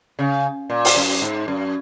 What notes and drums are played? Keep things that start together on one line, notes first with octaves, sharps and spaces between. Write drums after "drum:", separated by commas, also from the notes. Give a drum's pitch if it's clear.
C#3
A#2
drum: open hi-hat
F#2
G#2
F#2